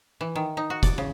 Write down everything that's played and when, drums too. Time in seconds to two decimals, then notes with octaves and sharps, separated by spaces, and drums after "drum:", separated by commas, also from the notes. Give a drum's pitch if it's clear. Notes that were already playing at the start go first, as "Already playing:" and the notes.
0.21 E3
0.36 D#3
0.57 D#4
0.70 F#4
0.83 D5, drum: kick, hi-hat
0.98 C#3